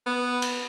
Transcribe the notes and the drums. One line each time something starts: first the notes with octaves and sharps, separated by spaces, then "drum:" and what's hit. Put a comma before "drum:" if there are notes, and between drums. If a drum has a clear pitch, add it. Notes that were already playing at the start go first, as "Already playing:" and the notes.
B3
drum: cymbal